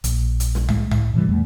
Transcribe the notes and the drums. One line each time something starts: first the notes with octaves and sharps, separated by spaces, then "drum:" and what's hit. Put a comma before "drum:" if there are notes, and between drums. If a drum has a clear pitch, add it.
A#1, drum: hi-hat
drum: hi-hat
drum: snare
A2 G#3, drum: tom
A2, drum: tom
A2 C3 E3 G3
E2 G3 A3